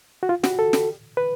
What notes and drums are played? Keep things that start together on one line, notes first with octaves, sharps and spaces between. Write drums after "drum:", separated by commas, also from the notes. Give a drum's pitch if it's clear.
F#4
F4
F#4, drum: snare
A4
drum: snare
B4